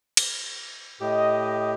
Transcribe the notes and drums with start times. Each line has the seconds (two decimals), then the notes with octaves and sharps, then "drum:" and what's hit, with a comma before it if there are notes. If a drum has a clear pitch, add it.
0.17 drum: cymbal
1.01 A2 G4 D#5